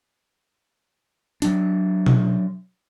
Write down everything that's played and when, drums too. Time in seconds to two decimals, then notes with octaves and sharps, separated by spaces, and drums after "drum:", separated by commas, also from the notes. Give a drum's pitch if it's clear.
1.42 F#3 D4, drum: hi-hat
2.06 drum: tom B2